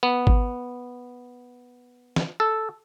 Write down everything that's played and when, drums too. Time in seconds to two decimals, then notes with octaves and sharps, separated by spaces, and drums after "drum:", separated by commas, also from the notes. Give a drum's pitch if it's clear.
0.03 B3
0.27 drum: kick G#1
2.16 drum: snare
2.40 A4